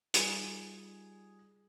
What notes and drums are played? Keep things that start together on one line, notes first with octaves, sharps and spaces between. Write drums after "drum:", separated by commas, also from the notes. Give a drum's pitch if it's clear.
G3 D#4 F4 G#4, drum: hi-hat